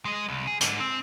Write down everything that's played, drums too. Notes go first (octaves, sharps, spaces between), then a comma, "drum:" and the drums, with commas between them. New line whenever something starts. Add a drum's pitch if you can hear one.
G#3 D#5
C2
G#4
G#2 D3, drum: hi-hat
C4